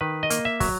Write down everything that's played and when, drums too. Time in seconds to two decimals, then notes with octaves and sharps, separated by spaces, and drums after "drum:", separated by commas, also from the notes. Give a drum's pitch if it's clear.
0.01 D#3 B4
0.23 D#5
0.30 A#3, drum: hi-hat
0.45 E5
0.60 F#3, drum: kick, open hi-hat